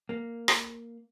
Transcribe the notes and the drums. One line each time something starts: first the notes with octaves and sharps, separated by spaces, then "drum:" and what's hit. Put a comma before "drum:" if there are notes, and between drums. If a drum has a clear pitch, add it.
A#3
drum: rim click